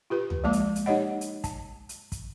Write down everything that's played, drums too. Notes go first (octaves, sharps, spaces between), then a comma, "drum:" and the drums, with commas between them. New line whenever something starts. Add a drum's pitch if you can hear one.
F4 G4 B4
drum: tom
F3 G#3 A#3 A5 D6
drum: hi-hat
drum: hi-hat
D#4 G4 C#5 D#5 F#5
drum: hi-hat
A5, drum: kick, hi-hat
drum: hi-hat
drum: kick, hi-hat